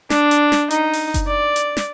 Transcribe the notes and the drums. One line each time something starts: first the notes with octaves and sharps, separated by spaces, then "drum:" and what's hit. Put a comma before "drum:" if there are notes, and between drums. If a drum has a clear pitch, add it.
D4, drum: snare
drum: hi-hat
drum: snare
D#4, drum: hi-hat
drum: open hi-hat
drum: kick F#1, hi-hat
D5
drum: hi-hat
drum: snare